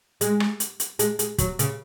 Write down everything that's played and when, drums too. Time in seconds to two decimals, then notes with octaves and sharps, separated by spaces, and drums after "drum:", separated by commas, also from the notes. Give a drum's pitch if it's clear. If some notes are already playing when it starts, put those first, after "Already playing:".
0.21 G#3, drum: hi-hat
0.40 drum: rim click
0.60 drum: hi-hat
0.80 drum: hi-hat
0.99 G#3, drum: hi-hat
1.19 G#3, drum: hi-hat
1.38 F#3, drum: kick, hi-hat
1.59 C#3, drum: hi-hat